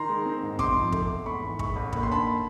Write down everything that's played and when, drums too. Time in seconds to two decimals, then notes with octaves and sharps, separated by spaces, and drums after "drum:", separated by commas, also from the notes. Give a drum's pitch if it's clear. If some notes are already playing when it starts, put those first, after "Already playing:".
Already playing: D#3 A#5 C6
0.09 G#3
0.25 C4
0.43 G#2
0.59 C3 C6 D6, drum: kick
0.76 F3
0.92 A3, drum: kick
1.09 E2
1.26 G#2 B5 C#6
1.42 E3
1.59 G#3 B5 C#6, drum: kick
1.76 A1
1.93 D#2 B5, drum: kick
2.03 C6
2.10 D3 A5 B5